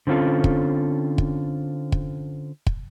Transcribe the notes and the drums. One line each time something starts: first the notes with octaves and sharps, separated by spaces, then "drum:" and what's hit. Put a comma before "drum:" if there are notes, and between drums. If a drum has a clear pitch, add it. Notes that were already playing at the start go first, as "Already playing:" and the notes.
D3 C4 C#4 F4 A4
drum: kick
drum: kick
drum: kick
drum: kick